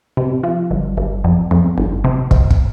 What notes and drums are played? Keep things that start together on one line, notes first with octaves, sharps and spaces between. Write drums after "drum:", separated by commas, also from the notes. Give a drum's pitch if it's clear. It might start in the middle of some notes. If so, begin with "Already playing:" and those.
C3
F3
G1
G1
F2
F2
G1
C3
C3, drum: kick
drum: kick